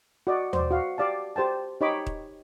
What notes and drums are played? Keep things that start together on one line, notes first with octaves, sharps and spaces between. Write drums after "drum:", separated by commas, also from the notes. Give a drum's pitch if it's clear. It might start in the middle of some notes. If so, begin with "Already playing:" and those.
F#4 D5 D#5
C5 D5, drum: tom D#2
F#4 F5
G4 D5 F5 A5
G4 C5 G5 A5
D#4 G4 C#5 D#5 B5 D6
drum: kick D#1